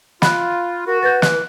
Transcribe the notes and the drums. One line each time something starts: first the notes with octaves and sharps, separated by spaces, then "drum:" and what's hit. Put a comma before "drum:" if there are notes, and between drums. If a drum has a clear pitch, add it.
F4 B5 F#6, drum: snare
F#4 A#4
B4 G6 A6
E3 F#6, drum: snare